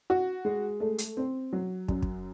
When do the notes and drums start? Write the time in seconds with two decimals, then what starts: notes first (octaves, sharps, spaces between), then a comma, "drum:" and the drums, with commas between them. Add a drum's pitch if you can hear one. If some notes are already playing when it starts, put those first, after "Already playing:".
0.10 F#4
0.45 G#3
0.80 A3
0.98 drum: hi-hat
1.17 C4
1.53 F#3
1.88 F#2, drum: kick
2.02 drum: kick